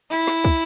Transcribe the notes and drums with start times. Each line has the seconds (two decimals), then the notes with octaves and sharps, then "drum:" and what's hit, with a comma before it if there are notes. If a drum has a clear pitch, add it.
0.11 E4
0.27 drum: snare
0.45 drum: kick